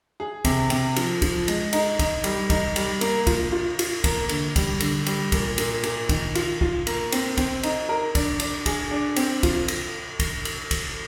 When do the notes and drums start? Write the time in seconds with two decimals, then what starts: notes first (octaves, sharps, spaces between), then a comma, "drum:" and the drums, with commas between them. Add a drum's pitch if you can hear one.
0.20 G#4
0.45 C3, drum: kick, cymbal
0.70 C3, drum: cymbal
0.96 F3, drum: cymbal
1.22 F3, drum: kick, cymbal
1.48 G#3, drum: cymbal
1.73 D#4, drum: cymbal
1.99 D#4, drum: kick, cymbal
2.24 G3, drum: cymbal
2.50 D#4, drum: kick, cymbal
2.76 G3, drum: cymbal
3.01 A#3, drum: cymbal
3.27 F4, drum: kick, cymbal
3.52 F4
3.79 F4, drum: cymbal
4.04 A#3, drum: kick, cymbal
4.29 D3, drum: cymbal
4.56 G3, drum: kick, cymbal
4.80 D3, drum: cymbal
5.06 G3, drum: cymbal
5.32 A#2, drum: kick, cymbal
5.58 A#2, drum: cymbal
5.83 A#2, drum: cymbal
6.09 D#3, drum: kick, cymbal
6.35 F4, drum: cymbal
6.61 F4, drum: kick
6.87 A#3, drum: cymbal
7.12 C4, drum: cymbal
7.37 C4, drum: kick, cymbal
7.63 D#4, drum: cymbal
7.89 A#4
8.15 D4, drum: kick, cymbal
8.40 D4, drum: cymbal
8.66 G#4, drum: kick, cymbal
8.91 D4
9.16 C4, drum: cymbal
9.43 F4, drum: kick, cymbal
9.68 drum: cymbal
10.20 drum: kick, cymbal
10.45 drum: cymbal
10.71 drum: kick, cymbal